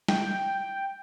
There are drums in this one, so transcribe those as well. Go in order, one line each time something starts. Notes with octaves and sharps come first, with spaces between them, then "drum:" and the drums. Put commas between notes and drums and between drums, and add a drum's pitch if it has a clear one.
G5, drum: snare